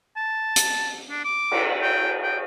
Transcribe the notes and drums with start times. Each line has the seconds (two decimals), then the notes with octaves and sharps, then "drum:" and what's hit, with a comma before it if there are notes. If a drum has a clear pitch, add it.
0.17 A5
0.56 drum: hi-hat
1.10 D4
1.25 D6
1.51 drum: cymbal
1.82 G5
2.24 G5